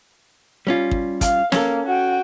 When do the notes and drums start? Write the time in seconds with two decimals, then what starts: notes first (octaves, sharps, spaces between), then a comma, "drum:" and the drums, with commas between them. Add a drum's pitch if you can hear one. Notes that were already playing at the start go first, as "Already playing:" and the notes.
0.67 G3 C#4 F4
0.91 drum: kick
1.21 F5, drum: kick, hi-hat
1.52 A#3 C#4 A4, drum: snare
1.86 F#4 G5